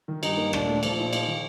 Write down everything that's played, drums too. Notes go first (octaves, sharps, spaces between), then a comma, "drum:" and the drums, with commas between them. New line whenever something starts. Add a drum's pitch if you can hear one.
D#3
G2 D#4, drum: cymbal
A#3
A#2 D4, drum: rim click
A3
A#2 F3, drum: cymbal
D#4
D#4, drum: cymbal
D#3